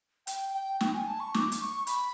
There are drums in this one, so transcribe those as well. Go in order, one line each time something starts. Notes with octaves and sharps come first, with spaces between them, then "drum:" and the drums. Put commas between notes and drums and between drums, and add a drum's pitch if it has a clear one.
G5, drum: hi-hat
G5
G5, drum: snare
G#5
A5
C#6
D6, drum: snare
drum: hi-hat
C#6
B5, drum: hi-hat